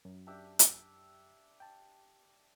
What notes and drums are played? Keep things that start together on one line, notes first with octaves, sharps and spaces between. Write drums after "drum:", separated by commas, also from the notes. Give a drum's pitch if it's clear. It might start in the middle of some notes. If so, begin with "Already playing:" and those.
F#2
D4 G4 E5
drum: hi-hat
G5 A5